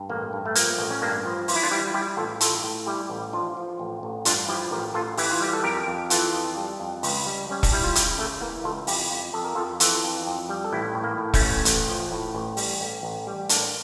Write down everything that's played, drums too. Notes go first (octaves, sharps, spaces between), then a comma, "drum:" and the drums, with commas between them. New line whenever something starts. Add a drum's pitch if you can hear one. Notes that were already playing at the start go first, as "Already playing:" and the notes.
Already playing: G2
A1 A#3
G2
A3
F3 A#3, drum: hi-hat
A1
C#4
G2 A#3 D4
F3
E3 F4, drum: open hi-hat
E4
D4 F4
G3 E4 G4
G3 E4 G4
A1 F4 A4
A2 F4 A4, drum: hi-hat
A2
G3 E4 G4
A1
F3 D4 F4
F3
A1
A1
G2 D4 F4, drum: hi-hat
F3 E4 G4
A1 G4 A#4
A1 F4 A4
E3 E4 G4, drum: open hi-hat
F4
G3 G4
A4
F2 G4 A#4
F2
E3 F4 A4, drum: hi-hat
F2
G3
F2
C#2, drum: open hi-hat
G3
G3 C#4
D4, drum: kick E1, open hi-hat
G3 E4
F4
C#3 E4 G4, drum: hi-hat
C#3 A3 C#4
E3 A#3
C#2 F4 A4
F2 E4 G4, drum: open hi-hat
F2
F2 A4
A#4
F2 F4 A4
E3 F4 A4, drum: hi-hat
F2
F2
G3
A4
A1 E4 G4
A2
A#3
A2
A3 C#4, drum: kick E1, open hi-hat
A1
A1, drum: hi-hat
F3
A2
A1
G3, drum: open hi-hat
A1
A1
G3
A1 A#3 D4, drum: hi-hat